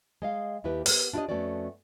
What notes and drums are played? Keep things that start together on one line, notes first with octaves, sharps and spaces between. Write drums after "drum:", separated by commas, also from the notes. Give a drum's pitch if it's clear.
G#3 D#5 F5
D#2 E4 G4 B4
B3 G4 A#4, drum: open hi-hat
D4 E4 F4 G4 C#5 D#5
F2 A3 B3 C#4 F#4 D5